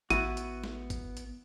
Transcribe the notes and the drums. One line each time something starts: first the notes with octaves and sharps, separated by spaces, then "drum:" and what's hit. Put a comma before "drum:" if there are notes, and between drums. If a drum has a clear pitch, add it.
A1 B3 E4 F#4 D#7, drum: hi-hat
drum: hi-hat
drum: snare
drum: kick, hi-hat
drum: hi-hat